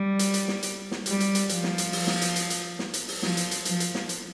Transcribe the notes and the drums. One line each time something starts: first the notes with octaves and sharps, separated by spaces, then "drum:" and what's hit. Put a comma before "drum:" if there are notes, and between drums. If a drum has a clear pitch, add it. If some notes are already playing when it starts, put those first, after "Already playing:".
Already playing: G3
drum: hi-hat
drum: hi-hat
drum: snare
drum: hi-hat
drum: snare
G3, drum: hi-hat
drum: hi-hat
drum: hi-hat
F3, drum: hi-hat
drum: snare
drum: hi-hat
drum: open hi-hat
drum: snare
drum: hi-hat
drum: hi-hat
drum: hi-hat
drum: snare
drum: hi-hat
drum: open hi-hat
F3, drum: snare
drum: hi-hat
drum: hi-hat
F3, drum: hi-hat
drum: hi-hat
drum: snare
drum: hi-hat